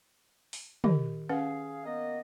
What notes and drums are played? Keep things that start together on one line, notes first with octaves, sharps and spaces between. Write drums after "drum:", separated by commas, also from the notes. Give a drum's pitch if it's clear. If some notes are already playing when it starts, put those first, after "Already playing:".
drum: open hi-hat
D#3 G4 D#5, drum: tom
C#4 G#4 B4 F5 F#5
A#3 B3 D#5